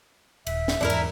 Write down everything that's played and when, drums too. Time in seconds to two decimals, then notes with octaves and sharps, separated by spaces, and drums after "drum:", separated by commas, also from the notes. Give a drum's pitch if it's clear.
0.47 D#1 E5, drum: cymbal
0.68 drum: snare
0.81 E2 G#2 E3 D4 E4 A#4
0.90 drum: cymbal